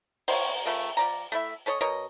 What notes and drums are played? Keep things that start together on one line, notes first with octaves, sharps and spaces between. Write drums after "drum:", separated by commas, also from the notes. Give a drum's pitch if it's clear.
C5 C#5, drum: open hi-hat
C#3 A3 F4 A#4
F3 D5 A#5
A3 E4 E5
C#4 A4 C#5 D#5
B2 A#4 C#5 D#5